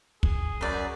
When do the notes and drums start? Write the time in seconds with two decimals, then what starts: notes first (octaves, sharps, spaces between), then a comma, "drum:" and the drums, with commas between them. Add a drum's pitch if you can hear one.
0.23 G#4, drum: kick
0.61 F#2 B4 D5